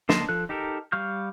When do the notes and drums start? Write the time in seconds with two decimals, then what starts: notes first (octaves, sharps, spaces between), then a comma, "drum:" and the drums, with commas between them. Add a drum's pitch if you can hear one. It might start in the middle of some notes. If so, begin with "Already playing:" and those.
0.09 D3 A#3 D#5 A5 C6, drum: snare
0.29 F3 A4 F#6
0.49 D#4 G4 A4 A#4
0.92 G3 F5 C#6 F6 G6